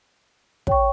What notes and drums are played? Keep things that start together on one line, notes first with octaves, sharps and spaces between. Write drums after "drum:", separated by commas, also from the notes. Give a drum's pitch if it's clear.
C#5 G5 C#6, drum: kick